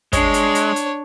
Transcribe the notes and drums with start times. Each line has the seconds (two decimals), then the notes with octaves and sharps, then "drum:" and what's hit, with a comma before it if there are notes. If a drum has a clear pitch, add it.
0.13 G#3 D4 C#5, drum: kick, hi-hat
0.34 drum: hi-hat
0.55 drum: hi-hat
0.76 drum: hi-hat